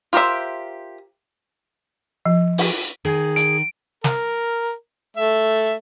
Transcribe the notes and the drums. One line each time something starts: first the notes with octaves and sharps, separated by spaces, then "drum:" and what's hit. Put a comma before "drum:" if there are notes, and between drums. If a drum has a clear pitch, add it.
F4 G4 A#4 C5 E5
F3
drum: open hi-hat
D#3 G#4
D7, drum: hi-hat
A#4, drum: snare
A3 E5